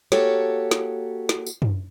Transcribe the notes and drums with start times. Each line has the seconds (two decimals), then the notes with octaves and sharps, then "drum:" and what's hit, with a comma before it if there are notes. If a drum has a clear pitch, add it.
0.12 A#3 F#4 G4 A4 C#5, drum: snare
0.71 drum: snare
1.29 drum: snare
1.47 drum: tambourine
1.62 drum: tom F#2